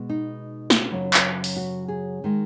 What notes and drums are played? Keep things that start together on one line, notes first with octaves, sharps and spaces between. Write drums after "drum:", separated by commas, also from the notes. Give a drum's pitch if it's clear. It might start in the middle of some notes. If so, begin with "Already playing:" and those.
Already playing: B2 G#3
D#4
drum: snare
F#2 C#3 F#3
drum: clap
drum: open hi-hat
F#4
G#4
D#3 G#3